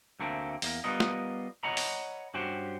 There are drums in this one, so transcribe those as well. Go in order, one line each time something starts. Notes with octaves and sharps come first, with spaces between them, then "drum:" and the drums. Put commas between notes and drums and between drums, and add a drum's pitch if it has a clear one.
D2 A3 A#3 C4
E2 A#3, drum: open hi-hat
G3 B3 F4 A#4 D#5
drum: snare
C#5 D#5 F#5 A#5 B5
drum: open hi-hat
G2 C#4 F#4 G4 C5